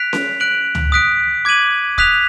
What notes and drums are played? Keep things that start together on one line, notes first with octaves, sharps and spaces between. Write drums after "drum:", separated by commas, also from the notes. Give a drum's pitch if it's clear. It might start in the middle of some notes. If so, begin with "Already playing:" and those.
Already playing: F#6 B6 D7 F7
drum: snare C#4
F#6 D7 F#7
drum: tom C#2
D#6 F#6 B6 D7
D6 G#6 D#7 F#7
D#6 F#6 B6 F7, drum: kick